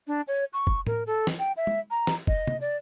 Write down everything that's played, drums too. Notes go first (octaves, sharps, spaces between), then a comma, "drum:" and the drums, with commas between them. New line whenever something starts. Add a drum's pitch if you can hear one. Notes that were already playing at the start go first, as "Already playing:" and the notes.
D4
C#5
C#6
drum: kick
A#4, drum: tom A2
A4
drum: snare
G5
E5
drum: tom
A#5
drum: snare
D#5, drum: kick
drum: tom C3
D5